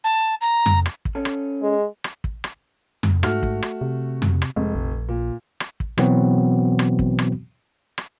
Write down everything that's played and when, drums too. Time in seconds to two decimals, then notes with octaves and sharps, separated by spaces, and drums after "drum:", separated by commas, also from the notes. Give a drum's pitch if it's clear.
0.04 A5
0.41 A#5
0.66 drum: tom F2
0.86 drum: rim click
1.05 drum: kick
1.15 C#4 A4
1.25 drum: rim click
1.62 G#3
2.04 drum: rim click
2.24 drum: kick
2.44 drum: rim click
3.03 drum: tom F2
3.23 G#2 A3 F#4 F6, drum: rim click
3.43 drum: kick
3.62 drum: rim click
3.81 C3
4.22 drum: tom F2
4.42 drum: rim click
4.56 F1 G#3
4.75 A#1
5.09 A#2
5.60 drum: rim click
5.80 drum: kick
5.98 B2 E3 F#3 B3 C4 F#4, drum: rim click
6.79 drum: rim click
6.99 drum: kick
7.19 drum: rim click
7.98 drum: rim click